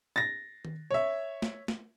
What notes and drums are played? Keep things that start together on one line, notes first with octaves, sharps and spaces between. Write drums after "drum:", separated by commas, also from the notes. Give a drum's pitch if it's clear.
A6 A#6
drum: tom D#3
C#5 E5
drum: snare
drum: snare